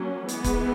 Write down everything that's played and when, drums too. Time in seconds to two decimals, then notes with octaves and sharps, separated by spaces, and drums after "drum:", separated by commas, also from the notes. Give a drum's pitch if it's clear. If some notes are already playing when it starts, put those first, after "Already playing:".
Already playing: F#3 A#3 C#4
0.28 E3 G#3 B3, drum: hi-hat
0.44 drum: kick, hi-hat